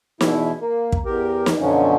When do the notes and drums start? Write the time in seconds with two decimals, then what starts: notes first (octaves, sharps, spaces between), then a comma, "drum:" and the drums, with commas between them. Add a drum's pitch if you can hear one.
0.21 E2 B2 E4, drum: snare
0.61 A#3
0.92 drum: kick
1.05 E2 G4 A#4
1.46 drum: snare
1.60 F#2 B2 D3 F3 F#3 C#4